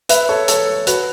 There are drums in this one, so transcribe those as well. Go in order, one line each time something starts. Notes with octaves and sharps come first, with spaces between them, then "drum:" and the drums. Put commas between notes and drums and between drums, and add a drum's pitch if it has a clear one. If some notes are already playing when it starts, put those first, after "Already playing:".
B4 E5, drum: hi-hat
A4 C#5
A4 C#5, drum: hi-hat
F#4 B4, drum: hi-hat